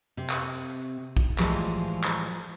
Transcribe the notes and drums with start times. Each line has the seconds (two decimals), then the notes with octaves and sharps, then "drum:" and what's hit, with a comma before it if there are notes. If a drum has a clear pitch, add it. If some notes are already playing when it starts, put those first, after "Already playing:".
0.17 C3
0.30 drum: clap
1.17 drum: kick B1
1.38 A2 E3 F3 G3 G#3, drum: clap
2.04 drum: clap